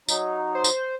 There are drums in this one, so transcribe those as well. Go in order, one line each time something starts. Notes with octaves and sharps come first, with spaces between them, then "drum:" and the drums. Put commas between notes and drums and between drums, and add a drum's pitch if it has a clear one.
F#3 D#4, drum: tambourine
C5
drum: tambourine